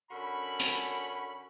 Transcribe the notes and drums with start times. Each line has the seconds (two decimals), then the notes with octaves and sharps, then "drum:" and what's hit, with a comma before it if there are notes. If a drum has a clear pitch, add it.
0.11 D3 C#4 F#4 A#4 B5
0.60 drum: hi-hat